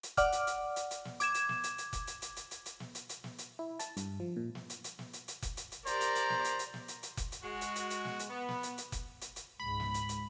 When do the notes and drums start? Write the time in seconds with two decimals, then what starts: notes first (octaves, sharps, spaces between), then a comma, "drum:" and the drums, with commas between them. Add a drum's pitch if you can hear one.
0.03 drum: hi-hat
0.17 D5 F#5 D6 F6, drum: kick F1, hi-hat
0.32 drum: hi-hat
0.47 drum: hi-hat
0.76 drum: hi-hat
0.91 drum: hi-hat
1.05 drum: snare
1.20 D6 G#6 E7, drum: hi-hat
1.34 drum: hi-hat
1.49 drum: snare
1.64 drum: hi-hat
1.78 drum: hi-hat
1.93 drum: kick F1, hi-hat
2.07 drum: hi-hat
2.22 drum: hi-hat
2.36 drum: hi-hat
2.51 drum: hi-hat
2.66 drum: hi-hat
2.80 drum: snare
2.95 drum: hi-hat
3.09 drum: hi-hat
3.24 drum: snare
3.38 drum: hi-hat
3.59 E4
3.79 A5, drum: hi-hat
3.97 G2, drum: hi-hat
4.20 F3
4.37 A#2
4.55 drum: snare
4.70 drum: hi-hat
4.84 drum: hi-hat
4.99 drum: snare
5.13 drum: hi-hat
5.28 drum: hi-hat
5.42 drum: kick F1, hi-hat
5.57 drum: hi-hat
5.72 drum: hi-hat
5.86 G4 A#4 C5 D5 A#5, drum: hi-hat
6.01 drum: hi-hat
6.15 drum: hi-hat
6.30 drum: snare
6.44 drum: hi-hat
6.59 drum: hi-hat
6.74 drum: snare
6.88 drum: hi-hat
7.03 drum: hi-hat
7.17 drum: kick F1, hi-hat
7.32 drum: hi-hat
7.43 G#3 F#4
7.61 drum: hi-hat
7.76 drum: hi-hat
7.90 drum: hi-hat
8.05 drum: snare
8.19 drum: hi-hat
8.30 B3
8.49 drum: snare
8.63 drum: hi-hat
8.78 drum: hi-hat
8.92 drum: kick F1, hi-hat
9.21 drum: hi-hat
9.36 drum: hi-hat
9.60 C#2 G#2 G#3 B5
9.80 drum: snare
9.94 drum: hi-hat
10.09 drum: hi-hat